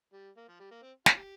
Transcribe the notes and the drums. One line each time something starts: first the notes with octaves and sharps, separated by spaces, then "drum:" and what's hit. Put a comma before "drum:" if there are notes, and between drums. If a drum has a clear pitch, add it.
G3
A#3
F3
G3
A#3
C4
F4, drum: snare
G4